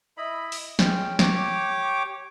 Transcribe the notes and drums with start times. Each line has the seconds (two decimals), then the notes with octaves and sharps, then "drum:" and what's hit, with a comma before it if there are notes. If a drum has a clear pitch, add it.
0.17 E4 D#5 B5
0.52 drum: open hi-hat
0.79 G#3 C#4 G5, drum: snare
1.19 G4 C#5 D6, drum: snare